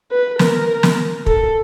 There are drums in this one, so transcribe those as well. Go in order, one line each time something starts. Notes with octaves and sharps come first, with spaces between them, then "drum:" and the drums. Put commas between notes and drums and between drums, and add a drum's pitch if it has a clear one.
B4
A#4, drum: snare
drum: snare
A4, drum: kick